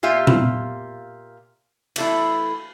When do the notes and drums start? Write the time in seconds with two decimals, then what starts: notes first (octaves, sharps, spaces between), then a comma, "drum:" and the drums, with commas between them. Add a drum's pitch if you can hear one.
0.03 A#2 F4 G4 E5
0.27 drum: tom A#2
1.96 E3 A3 E4, drum: cymbal